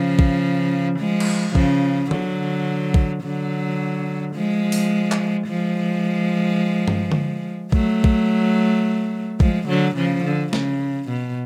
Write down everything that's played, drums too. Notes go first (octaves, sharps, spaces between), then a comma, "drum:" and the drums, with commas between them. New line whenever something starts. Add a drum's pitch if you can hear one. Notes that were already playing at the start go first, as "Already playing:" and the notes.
Already playing: C#3 F3
drum: kick
F3 G#3
drum: cymbal
C#3 F3, drum: kick
D3 F#3, drum: tom D3
drum: kick
D3 F#3
F3 G#3
drum: open hi-hat
drum: clap
F3 G#3
drum: tom G2
drum: tom D3
F#3 A3, drum: kick
drum: kick
F3 G#3, drum: kick
D3 F#3
C#3 F3
D3
C#3, drum: snare
B2